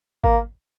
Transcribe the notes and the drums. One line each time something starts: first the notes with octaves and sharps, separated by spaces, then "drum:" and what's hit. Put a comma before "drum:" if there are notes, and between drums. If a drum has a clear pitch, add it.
A#3, drum: kick G#1